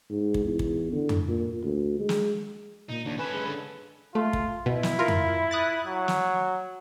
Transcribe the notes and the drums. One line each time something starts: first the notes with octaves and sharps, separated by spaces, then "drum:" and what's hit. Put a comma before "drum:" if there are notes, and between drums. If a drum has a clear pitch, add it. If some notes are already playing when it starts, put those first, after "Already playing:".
G#2
drum: kick
E2
drum: kick
D3
drum: tom F2
A#2
D2
G#3
drum: snare
A#2 D#4
D#2 D4
C#4 A4 B4 G#5
G#3
D3
A3 F4
drum: kick
B2 E4
drum: snare
F4 A#4
drum: tom F2
D#6 F#6 A6
F#3
drum: snare